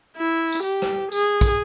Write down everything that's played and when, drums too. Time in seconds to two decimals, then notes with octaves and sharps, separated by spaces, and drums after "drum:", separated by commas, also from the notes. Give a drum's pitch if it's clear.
0.17 E4
0.52 drum: tambourine
0.63 G4
0.82 drum: rim click
1.12 G#4, drum: tambourine
1.41 drum: kick, tambourine